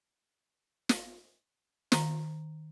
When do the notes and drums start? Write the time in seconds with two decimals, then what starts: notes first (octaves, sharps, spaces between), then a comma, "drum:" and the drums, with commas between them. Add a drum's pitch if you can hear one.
0.89 drum: snare
1.92 D#3 A#5, drum: snare